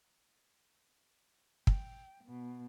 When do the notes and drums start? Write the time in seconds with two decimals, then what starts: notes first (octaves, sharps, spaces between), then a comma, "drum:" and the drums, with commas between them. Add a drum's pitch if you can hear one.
1.67 G5, drum: kick
2.25 B2